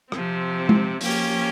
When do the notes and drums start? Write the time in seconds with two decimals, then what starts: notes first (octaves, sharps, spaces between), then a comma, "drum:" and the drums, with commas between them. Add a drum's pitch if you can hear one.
0.12 C3 F3 C4, drum: rim click
0.69 drum: tom G#3
1.01 F3 A#3 C#4 G4, drum: open hi-hat